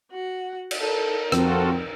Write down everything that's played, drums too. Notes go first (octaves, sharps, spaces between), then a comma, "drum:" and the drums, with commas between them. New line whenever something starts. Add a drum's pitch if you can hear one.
F#4 F#5
drum: cymbal
D#4 A4 A#4
F2 C4 F4 F#4 A4, drum: rim click